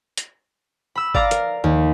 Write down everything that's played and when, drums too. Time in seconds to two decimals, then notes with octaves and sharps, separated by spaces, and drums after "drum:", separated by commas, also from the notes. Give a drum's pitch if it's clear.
0.18 drum: hi-hat
0.95 B5 E6
1.14 D5 F5 A#5 D6 A#6, drum: kick G1
1.31 A#4, drum: hi-hat
1.64 D#2